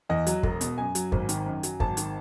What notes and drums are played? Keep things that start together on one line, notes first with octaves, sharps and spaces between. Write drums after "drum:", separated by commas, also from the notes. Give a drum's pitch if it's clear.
E2 D#5
F#3, drum: hi-hat
E1, drum: kick
B2, drum: hi-hat
F#2 G#5
F#3, drum: hi-hat
G#1, drum: kick
D#3, drum: hi-hat
F#2
F#3, drum: hi-hat
G#1 A5, drum: kick
D#3, drum: hi-hat